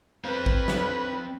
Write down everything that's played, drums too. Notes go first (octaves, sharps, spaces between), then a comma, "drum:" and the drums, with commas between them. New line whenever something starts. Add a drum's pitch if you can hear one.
C4 B4 C5 F5
drum: kick A1
drum: snare